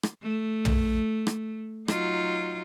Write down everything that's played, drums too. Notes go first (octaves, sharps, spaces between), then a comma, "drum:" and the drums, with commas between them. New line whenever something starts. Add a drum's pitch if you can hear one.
drum: rim click
A3
drum: tom
drum: rim click
F#3 D#4 F4, drum: rim click